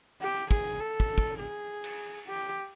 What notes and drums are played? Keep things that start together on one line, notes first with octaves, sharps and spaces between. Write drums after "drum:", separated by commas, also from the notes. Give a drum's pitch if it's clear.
G4
G#4, drum: kick
A4
drum: kick
drum: kick
G#4
drum: cymbal
G4